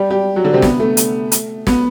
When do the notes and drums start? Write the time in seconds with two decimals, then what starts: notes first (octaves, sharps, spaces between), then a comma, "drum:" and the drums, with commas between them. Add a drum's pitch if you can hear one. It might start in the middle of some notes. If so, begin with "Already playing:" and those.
Already playing: G3 G4
0.10 G3 G4
0.36 F#3 F#4
0.44 D3 D4
0.53 C3 C4
0.62 B3, drum: snare
0.80 A3
0.97 drum: hi-hat
1.32 drum: hi-hat
1.67 B3, drum: snare